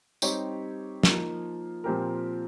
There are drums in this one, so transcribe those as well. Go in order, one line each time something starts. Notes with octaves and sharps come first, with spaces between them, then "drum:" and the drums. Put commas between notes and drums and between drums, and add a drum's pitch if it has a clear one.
G3 C4 D#4 G4 C#5, drum: tambourine
F3 A#3 D#4, drum: snare
A#2 F3 C4 G4 A#4